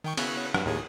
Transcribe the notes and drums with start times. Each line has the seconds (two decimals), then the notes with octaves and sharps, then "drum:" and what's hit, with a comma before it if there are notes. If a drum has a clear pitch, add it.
0.04 D#3 G5 C#6
0.17 C#3 B3 E4 F#4 C#5 F#6, drum: cymbal
0.54 G2 F#3, drum: rim click
0.66 D#2 A2 G#4 C#5